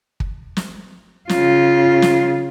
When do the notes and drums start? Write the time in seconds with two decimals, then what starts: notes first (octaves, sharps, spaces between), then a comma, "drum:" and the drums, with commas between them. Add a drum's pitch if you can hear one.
0.20 drum: kick
0.57 drum: snare
1.29 C#3 F4, drum: snare
2.02 drum: snare